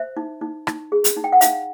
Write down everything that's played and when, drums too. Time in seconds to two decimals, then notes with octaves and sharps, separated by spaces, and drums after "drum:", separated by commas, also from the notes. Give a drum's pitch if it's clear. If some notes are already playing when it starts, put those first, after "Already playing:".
Already playing: C5 E5
0.17 D#4
0.41 D#4
0.67 D#4, drum: rim click
0.92 G#4
1.04 drum: hi-hat
1.17 D#4
1.24 G5
1.32 F#5
1.41 D#4 F5, drum: hi-hat